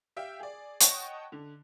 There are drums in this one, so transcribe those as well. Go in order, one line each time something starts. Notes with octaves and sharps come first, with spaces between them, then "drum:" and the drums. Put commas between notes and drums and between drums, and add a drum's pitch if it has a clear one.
G4 E5 F5 G5
G#4 D5
C#5 D#5 F#5 G5 A5 C#6, drum: hi-hat
D3